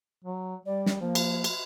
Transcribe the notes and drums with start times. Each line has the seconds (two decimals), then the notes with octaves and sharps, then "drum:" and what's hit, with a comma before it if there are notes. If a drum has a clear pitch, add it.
0.25 F#3
0.66 G3 D5
0.86 drum: snare
1.01 F3 A#3
1.15 drum: cymbal
1.44 drum: cymbal